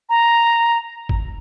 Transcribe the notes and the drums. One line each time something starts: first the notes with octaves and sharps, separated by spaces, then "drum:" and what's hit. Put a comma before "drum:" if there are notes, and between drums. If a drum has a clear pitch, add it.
A#5
drum: kick